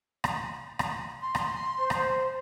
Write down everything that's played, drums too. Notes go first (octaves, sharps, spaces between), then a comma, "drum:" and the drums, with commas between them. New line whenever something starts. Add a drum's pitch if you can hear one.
drum: rim click
drum: rim click
C6
drum: rim click
C5
drum: rim click